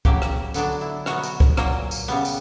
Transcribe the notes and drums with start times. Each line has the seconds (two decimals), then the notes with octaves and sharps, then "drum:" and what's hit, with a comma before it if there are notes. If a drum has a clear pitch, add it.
0.05 C#3 F#3 A#3 G4, drum: kick
0.22 drum: rim click
0.54 D3 F#3 B3 D4, drum: tambourine
0.81 E4
1.06 B2 F#3 B3 F#4, drum: rim click
1.23 drum: tambourine
1.40 drum: kick
1.57 A#2 F#3 A#3, drum: rim click
1.91 drum: tambourine
2.08 C#3 G3 B3
2.25 drum: tambourine